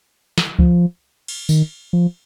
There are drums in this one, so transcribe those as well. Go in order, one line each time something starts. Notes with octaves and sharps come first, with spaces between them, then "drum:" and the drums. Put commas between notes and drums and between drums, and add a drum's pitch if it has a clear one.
drum: snare
F3, drum: kick C#2
drum: cymbal
D#3, drum: tambourine
F3